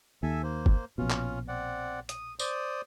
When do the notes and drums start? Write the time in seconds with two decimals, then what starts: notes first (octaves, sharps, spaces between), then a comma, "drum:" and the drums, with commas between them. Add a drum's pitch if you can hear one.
0.23 D#2 A4 E5 G#5
0.43 A#3 C5
0.66 drum: kick
0.98 A#1 B2 C#4 F4
1.10 drum: clap
1.48 C4 D5 F#5
2.09 D#6, drum: hi-hat
2.39 C5 D5 D#6, drum: tambourine